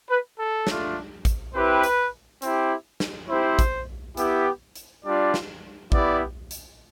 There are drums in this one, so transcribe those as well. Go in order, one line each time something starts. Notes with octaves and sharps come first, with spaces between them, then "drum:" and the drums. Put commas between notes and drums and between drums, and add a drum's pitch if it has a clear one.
B4
A4
A3 D4 F4, drum: snare
drum: kick A1, hi-hat
C4 E4 G4 B4
drum: hi-hat
C4 E4 G4, drum: hi-hat
drum: snare
C4 E4 G4 C5
drum: kick A1, hi-hat
B3 E4 G4, drum: hi-hat
drum: hi-hat
G3 D4 F4 D5
drum: snare
B3 E4 G4 D5, drum: kick A1
drum: hi-hat